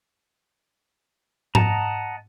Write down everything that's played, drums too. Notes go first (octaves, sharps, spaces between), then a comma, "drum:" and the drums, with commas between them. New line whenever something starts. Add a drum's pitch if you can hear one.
D#5 F#5 A5 A#5, drum: tom G#2